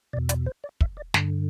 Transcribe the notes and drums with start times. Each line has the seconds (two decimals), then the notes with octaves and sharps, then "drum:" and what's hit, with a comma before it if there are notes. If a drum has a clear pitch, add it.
0.13 E2 B2 D5
0.29 D5, drum: hi-hat
0.46 C5
0.64 D5
0.81 E5, drum: kick
0.97 D5
1.14 G2 D3, drum: snare